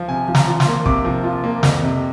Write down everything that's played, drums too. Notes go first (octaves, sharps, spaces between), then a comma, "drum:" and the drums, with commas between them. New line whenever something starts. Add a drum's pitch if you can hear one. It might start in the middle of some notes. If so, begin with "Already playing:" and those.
Already playing: F3
C3 G#5
F3
A#5, drum: snare
F4
C6, drum: snare
A#3
C3 D6, drum: kick
F3
F4
A#3
F2, drum: snare
C3